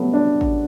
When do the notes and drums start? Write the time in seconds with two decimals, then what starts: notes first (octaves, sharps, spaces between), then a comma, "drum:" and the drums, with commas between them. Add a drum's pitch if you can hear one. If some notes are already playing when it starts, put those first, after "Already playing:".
Already playing: F#3 G3 A3 B3
0.13 D4
0.41 drum: kick G#1